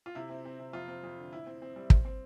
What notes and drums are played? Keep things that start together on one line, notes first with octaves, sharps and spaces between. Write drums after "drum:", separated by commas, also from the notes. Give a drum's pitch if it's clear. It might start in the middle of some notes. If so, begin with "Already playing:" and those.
F4
C3 E4
C4
C4
C3
F2 F4
C4
F2
D3
A2 E4
C4
C4
G3
C4, drum: kick
C4